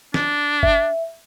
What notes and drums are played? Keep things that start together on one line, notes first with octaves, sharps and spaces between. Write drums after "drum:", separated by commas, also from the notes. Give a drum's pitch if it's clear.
D4, drum: snare
E5, drum: kick G1